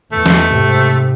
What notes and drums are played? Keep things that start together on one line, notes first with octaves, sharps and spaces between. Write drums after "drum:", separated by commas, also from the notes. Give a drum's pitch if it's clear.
E2 A3
drum: snare
G#2 C3